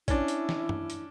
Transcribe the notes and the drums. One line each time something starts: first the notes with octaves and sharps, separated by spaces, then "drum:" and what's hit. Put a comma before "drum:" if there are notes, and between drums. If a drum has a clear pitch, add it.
C#4 D4 E4, drum: kick A#1, hi-hat
drum: hi-hat
drum: snare
drum: tom
drum: hi-hat